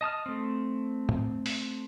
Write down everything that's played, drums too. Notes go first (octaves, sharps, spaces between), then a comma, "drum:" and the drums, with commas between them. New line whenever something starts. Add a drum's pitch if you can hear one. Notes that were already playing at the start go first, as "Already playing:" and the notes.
D#5 A5 D#6 F6
A3 C4
drum: tom
drum: open hi-hat